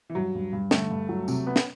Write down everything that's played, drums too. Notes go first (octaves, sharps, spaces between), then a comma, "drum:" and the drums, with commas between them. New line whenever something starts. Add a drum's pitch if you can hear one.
E3
G2 F#3
G2
G2
D3 A3, drum: snare
G2
F#3
C3, drum: tambourine
B3
drum: snare